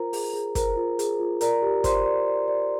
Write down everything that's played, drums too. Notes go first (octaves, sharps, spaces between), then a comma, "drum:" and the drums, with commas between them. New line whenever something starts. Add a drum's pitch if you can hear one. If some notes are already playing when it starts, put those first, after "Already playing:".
Already playing: F4 A#4 C5 A#5
G#4, drum: open hi-hat
G#4
A#4 C5 A#5, drum: kick, hi-hat
F4
G#4, drum: hi-hat
F4
A#4 D5 A#5, drum: hi-hat
G4
C5 D5 C6, drum: kick, hi-hat
D5
D5
D5